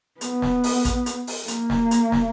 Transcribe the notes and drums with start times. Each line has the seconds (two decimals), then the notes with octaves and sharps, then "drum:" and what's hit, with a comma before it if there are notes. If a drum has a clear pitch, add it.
0.21 B3, drum: hi-hat
0.42 drum: snare
0.64 drum: open hi-hat
0.85 drum: kick, hi-hat
1.06 drum: hi-hat
1.27 drum: open hi-hat
1.48 A#3, drum: hi-hat
1.70 drum: snare
1.91 drum: hi-hat
2.12 drum: snare